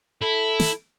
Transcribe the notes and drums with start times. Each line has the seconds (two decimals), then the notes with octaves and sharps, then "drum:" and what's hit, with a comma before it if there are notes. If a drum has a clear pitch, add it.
0.22 E4 A4
0.60 drum: snare